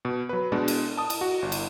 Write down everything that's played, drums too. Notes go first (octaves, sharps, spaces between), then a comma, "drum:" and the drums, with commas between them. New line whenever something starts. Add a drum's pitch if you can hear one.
B2
F#3 B4
B2 G#3 D4
drum: cymbal
A5 D#6
drum: cymbal
F#4
G1
drum: cymbal